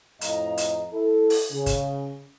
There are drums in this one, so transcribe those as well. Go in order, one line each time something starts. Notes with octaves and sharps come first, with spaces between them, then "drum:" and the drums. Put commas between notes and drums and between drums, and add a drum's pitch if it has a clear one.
F2 A2 D#5 F5 A#5, drum: hi-hat
drum: hi-hat
E4 A4
drum: open hi-hat
C#3
drum: kick, hi-hat